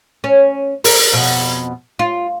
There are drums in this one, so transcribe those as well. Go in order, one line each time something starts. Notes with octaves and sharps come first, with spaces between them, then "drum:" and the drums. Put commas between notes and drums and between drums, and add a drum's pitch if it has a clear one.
C#4
A#4, drum: open hi-hat
F2 B2
F4